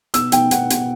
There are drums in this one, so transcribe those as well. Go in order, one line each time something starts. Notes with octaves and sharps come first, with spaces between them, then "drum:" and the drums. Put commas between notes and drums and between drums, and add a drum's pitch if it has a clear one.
B2 E6, drum: hi-hat
B2 G5, drum: hi-hat
B2 F#5, drum: hi-hat
B2, drum: hi-hat